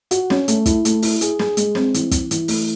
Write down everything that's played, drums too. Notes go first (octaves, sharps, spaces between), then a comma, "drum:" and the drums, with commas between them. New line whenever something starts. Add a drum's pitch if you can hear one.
F#4, drum: hi-hat
C#4, drum: snare
A3, drum: hi-hat
E4, drum: kick, hi-hat
A3, drum: hi-hat
E4, drum: open hi-hat
G#4, drum: hi-hat
G#4, drum: snare
G#3, drum: hi-hat
C4, drum: snare
E3, drum: hi-hat
E3, drum: kick, hi-hat
E3, drum: hi-hat
A3, drum: open hi-hat